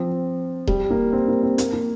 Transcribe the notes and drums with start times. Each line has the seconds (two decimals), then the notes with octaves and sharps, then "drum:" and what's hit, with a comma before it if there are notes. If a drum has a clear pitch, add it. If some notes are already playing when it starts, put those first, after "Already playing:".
Already playing: F3 C4
0.67 G3, drum: kick D#1
0.90 A#3
1.13 C4
1.28 A#3
1.43 C4
1.58 A#3, drum: hi-hat
1.73 A#3